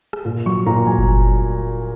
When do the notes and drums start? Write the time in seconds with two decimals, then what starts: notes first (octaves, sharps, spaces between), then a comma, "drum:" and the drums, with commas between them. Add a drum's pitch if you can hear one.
0.13 drum: rim click
0.25 A#2
0.46 F#3 C#6
0.66 A#2 A#5
0.86 F#3 G#5
0.98 drum: kick F#1